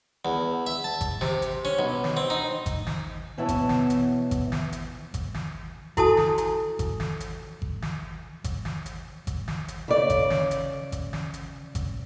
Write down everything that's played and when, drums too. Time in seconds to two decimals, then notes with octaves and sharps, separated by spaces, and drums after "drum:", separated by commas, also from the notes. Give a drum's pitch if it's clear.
0.25 E2
0.66 E5
0.84 A5
1.01 drum: kick G#1, hi-hat
1.21 C3, drum: snare
1.42 drum: hi-hat
1.65 C#4
1.79 B1
2.04 drum: snare
2.17 C4
2.30 D#4
2.66 drum: kick G#1, hi-hat
2.87 drum: snare
3.38 B2 E3 B3 C#5 E5 A5
3.49 drum: kick G#1, hi-hat
3.69 drum: snare
3.90 drum: hi-hat
4.31 drum: kick G#1, hi-hat
4.52 drum: snare
4.72 drum: hi-hat
5.14 drum: kick G#1, hi-hat
5.34 drum: snare
5.97 E4 F#4 A4 G#5 A5 D#6, drum: kick G#1, hi-hat
6.17 drum: snare
6.38 drum: hi-hat
6.79 drum: kick G#1, hi-hat
7.00 drum: snare
7.20 drum: hi-hat
7.62 drum: kick G#1
7.82 drum: snare
8.44 drum: kick G#1, hi-hat
8.65 drum: snare
8.86 drum: hi-hat
9.27 drum: kick G#1, hi-hat
9.48 drum: snare
9.68 drum: hi-hat
9.88 C#3 D5
10.10 drum: kick G#1, hi-hat
10.30 drum: snare
10.51 drum: hi-hat
10.92 drum: kick G#1, hi-hat
11.13 drum: snare
11.34 drum: hi-hat
11.75 drum: kick G#1, hi-hat